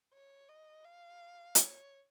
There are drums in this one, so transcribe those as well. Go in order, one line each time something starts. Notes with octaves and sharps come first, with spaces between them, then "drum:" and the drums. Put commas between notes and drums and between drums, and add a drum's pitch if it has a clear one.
C#5
D#5
F5
C#5, drum: hi-hat